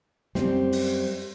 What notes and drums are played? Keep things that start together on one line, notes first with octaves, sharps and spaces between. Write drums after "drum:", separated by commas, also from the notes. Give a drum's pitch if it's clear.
F#2 G3 C4, drum: snare
drum: open hi-hat